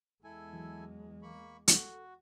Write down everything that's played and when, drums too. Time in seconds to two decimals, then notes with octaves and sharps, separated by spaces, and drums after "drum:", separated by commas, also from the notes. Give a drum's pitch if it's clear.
0.24 E2 G#3 E4 A4 G#5
0.53 E3 F#3
1.22 A#3 B5 C#6
1.68 F#4 A4, drum: hi-hat